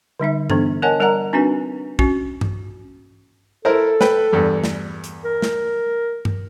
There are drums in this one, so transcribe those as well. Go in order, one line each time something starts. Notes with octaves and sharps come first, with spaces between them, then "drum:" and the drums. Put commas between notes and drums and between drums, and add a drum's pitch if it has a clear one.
D3 G3 D#4 E5
E3 B3 D4 A4, drum: tom G2
A#4 C#5 D#5 F#5 G#5 A5
G3 A#4 D5 F#5 A#5
C4 D4 D#4 F#4 B4 G#5
C#4 F#4, drum: kick
drum: tom G2
E4 A4 A#4 C5
B4 G5, drum: snare
E2 G2
drum: snare
drum: hi-hat
A#4
drum: snare
drum: tom G2